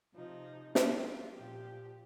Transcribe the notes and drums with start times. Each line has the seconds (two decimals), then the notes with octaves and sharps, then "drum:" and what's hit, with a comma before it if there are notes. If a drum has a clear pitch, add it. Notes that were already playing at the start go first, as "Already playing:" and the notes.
0.15 C3 F3 D#4
0.75 F4, drum: snare
1.35 A#2 F3 G4